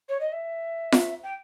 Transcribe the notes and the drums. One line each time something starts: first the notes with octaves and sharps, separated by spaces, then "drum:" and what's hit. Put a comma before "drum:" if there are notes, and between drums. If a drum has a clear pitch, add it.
C#5
D#5
E5
drum: snare F4
G5